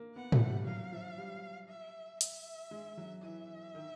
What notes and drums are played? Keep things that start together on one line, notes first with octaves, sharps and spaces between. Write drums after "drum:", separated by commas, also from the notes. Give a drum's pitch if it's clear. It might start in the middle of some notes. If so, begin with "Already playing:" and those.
Already playing: A#3
B3 F#5
A3, drum: tom
G3
F#3 F5
F3
G3
E5
E5, drum: hi-hat
G#3
F#3
E3 E5
D#3